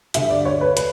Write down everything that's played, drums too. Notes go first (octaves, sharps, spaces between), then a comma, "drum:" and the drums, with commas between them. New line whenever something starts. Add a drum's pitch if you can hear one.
G2 D3 E5, drum: hi-hat
D5
C#5
B4
B4, drum: hi-hat